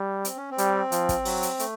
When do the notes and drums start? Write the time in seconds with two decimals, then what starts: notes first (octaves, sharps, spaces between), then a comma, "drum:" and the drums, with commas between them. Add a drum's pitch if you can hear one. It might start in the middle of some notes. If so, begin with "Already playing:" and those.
Already playing: G3
0.25 C4, drum: hi-hat
0.37 C#4
0.51 C4
0.58 G3, drum: hi-hat
0.92 F3, drum: hi-hat
1.09 drum: kick, hi-hat
1.25 F#3, drum: open hi-hat
1.43 drum: hi-hat
1.59 A3, drum: hi-hat